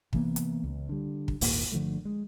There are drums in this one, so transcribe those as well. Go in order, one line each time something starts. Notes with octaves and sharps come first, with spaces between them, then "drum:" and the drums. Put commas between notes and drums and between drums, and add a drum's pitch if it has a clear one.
C3 E3 A#3 B3, drum: kick
drum: hi-hat
C#2
D3 G3
drum: kick
G#1 D#2 A#2 A#3, drum: open hi-hat
G1 D3 F3 A3
G#3